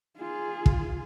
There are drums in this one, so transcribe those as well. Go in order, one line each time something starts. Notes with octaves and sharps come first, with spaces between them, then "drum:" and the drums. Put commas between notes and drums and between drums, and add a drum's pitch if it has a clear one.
F4 G#4
drum: kick